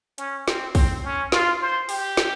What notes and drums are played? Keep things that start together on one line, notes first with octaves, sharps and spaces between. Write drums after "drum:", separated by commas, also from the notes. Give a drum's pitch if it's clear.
C#4, drum: hi-hat
C4, drum: snare
C4, drum: kick, open hi-hat
C#4
F4, drum: snare
C5
G4, drum: open hi-hat
drum: snare